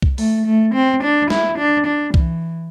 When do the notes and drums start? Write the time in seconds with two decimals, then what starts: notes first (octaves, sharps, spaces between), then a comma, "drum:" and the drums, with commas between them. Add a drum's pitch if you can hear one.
0.02 drum: kick C2
0.18 A3, drum: open hi-hat
0.46 A3
0.74 C4
1.03 D4
1.30 E4, drum: snare
1.58 D4
1.86 D4
2.14 E3, drum: kick C2